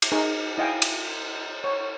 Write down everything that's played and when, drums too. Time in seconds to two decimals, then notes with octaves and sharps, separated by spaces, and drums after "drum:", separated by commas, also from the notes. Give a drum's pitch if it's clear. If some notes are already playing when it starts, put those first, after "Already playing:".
0.02 drum: cymbal
0.12 D#4 G#4 A#4
0.58 E4 D#5 F5 G5 G#5
0.82 drum: cymbal
1.64 C#5